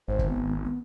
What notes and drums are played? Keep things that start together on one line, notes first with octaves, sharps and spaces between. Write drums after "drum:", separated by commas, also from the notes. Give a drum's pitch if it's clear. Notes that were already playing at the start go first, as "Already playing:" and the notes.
G#1 C5
drum: kick
B3
B3